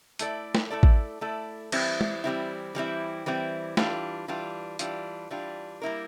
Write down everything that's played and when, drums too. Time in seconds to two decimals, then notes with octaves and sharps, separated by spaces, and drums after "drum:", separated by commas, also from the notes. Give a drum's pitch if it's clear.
0.19 A3 E4 A4 D5, drum: hi-hat
0.55 drum: snare
0.70 A3 E4 A4 D5
0.83 drum: kick A1
1.21 A3 E4 A4 D5
1.72 E3 G3 C4 E4, drum: cymbal
2.01 drum: tom
2.24 E3 G3 C4 E4
2.75 E3 G3 C4 E4
3.26 E3 G3 C4 E4
3.77 E3 G3 D4 F4, drum: snare
4.28 E3 G3 D4 F4
4.79 E3 G3 D4 F4, drum: hi-hat
5.31 E3 G3 D4 F4
5.82 G3 A#3 E4 A#4